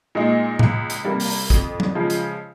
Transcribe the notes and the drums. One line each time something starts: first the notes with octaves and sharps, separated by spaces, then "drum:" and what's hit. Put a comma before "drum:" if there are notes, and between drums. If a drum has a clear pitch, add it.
A#2 G#3 D#4
C#2, drum: tom A2
drum: hi-hat
C3 G3 A#3
drum: open hi-hat
F2, drum: kick, hi-hat
drum: tom F#3
C#3 F3 G#3
drum: hi-hat